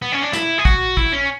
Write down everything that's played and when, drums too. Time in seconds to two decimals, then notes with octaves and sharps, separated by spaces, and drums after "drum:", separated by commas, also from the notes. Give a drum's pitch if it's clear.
0.02 B3
0.12 C#4
0.23 D4
0.33 E4, drum: snare
0.58 G#4
0.65 F#4, drum: kick
0.97 E4, drum: kick
1.13 C#4